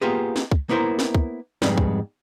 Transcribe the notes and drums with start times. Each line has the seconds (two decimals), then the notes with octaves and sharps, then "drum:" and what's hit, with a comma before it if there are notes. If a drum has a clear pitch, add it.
0.01 A#3 B3 F4 G4 G#4
0.36 drum: snare
0.51 drum: kick
0.69 A#3 B3 E4 A#4 C5
0.99 drum: snare
1.15 drum: kick
1.62 F2 G#2 G3 G#3 B3, drum: snare
1.78 drum: kick